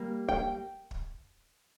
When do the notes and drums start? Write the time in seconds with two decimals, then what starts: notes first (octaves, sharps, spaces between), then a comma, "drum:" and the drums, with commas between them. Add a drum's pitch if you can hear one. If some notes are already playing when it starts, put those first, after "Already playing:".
Already playing: G3 A#3
0.28 G5, drum: kick
0.91 drum: kick